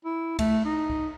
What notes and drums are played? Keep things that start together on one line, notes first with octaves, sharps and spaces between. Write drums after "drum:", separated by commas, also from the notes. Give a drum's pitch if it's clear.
E4
A3, drum: kick C#2, cymbal
D#4
drum: kick C#2